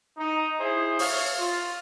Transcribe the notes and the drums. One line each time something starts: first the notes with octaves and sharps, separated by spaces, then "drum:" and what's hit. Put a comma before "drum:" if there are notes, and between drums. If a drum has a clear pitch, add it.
D#4
E4 G#4 C5
C#5 E5 F5, drum: open hi-hat
F4